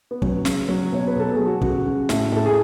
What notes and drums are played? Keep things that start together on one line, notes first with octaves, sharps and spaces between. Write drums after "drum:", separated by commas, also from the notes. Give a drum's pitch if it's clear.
B3
F#3 C#4, drum: kick
C#3, drum: snare
F#3
B2 C#5
B4
B2 A4
F#3 G#4
F#4
C#3 F#4, drum: kick
C#3
A2, drum: snare
A2 A4
G#4